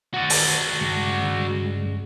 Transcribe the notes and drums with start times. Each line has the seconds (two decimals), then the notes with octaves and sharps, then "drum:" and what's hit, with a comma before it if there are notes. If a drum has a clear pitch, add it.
0.14 F#4 D5
0.30 drum: open hi-hat
0.81 G2 C#3 G#3